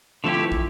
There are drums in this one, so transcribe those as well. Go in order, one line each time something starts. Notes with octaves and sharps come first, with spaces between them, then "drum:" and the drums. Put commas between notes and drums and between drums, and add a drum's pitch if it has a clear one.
D3 F3 A3 C4 E4 G4
E3
drum: kick